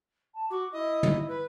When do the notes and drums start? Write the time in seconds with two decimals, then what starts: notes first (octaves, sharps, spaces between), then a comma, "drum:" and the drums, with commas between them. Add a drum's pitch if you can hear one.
0.35 A5
0.50 F#4 D6
0.72 E4 D#5
1.03 drum: tom
1.28 B4